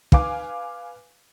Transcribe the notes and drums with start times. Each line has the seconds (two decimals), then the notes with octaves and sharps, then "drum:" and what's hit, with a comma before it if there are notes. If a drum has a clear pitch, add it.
0.12 B4 F5 G#5 D6, drum: kick